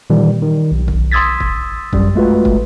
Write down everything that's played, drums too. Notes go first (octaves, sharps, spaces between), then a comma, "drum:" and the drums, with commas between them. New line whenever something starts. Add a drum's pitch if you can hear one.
A#2 D#3 E3 G3
D#3
B1
drum: kick
C6 D#6 E6 G#6 A6 B6
drum: kick
F#2 G3, drum: kick
G#3 A3 F4 F#4 B4
drum: kick